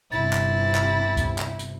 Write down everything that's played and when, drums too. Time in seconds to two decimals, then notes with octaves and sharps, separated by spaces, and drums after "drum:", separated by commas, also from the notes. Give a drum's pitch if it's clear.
0.12 G1 C3 E4 A6
0.33 drum: clap
0.75 drum: clap
1.17 drum: kick C#2, hi-hat
1.38 drum: clap
1.59 drum: hi-hat